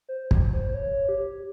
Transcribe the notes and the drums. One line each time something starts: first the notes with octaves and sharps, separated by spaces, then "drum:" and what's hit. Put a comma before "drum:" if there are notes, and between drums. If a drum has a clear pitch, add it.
C5
drum: kick
C5
C#5
G4